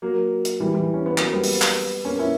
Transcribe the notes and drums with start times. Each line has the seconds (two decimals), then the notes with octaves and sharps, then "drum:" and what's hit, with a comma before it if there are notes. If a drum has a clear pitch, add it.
0.02 F#3 A#3
0.45 drum: hi-hat
0.60 E3 G3
0.74 E3 G3
0.94 C#4
1.06 B3
1.18 F#3 A#3, drum: clap
1.33 G3 B3
1.44 drum: open hi-hat
1.62 drum: clap
2.05 A#3 C#4
2.19 C#4 E4